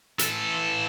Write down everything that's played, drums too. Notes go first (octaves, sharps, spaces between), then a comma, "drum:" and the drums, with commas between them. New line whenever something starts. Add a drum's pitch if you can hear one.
E3 A4, drum: hi-hat